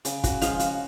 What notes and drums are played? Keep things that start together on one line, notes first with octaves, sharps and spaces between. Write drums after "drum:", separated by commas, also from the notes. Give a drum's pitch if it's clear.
C#3, drum: hi-hat
F#4, drum: kick, hi-hat
F3 G#3 C#4 F4, drum: hi-hat
F#4, drum: hi-hat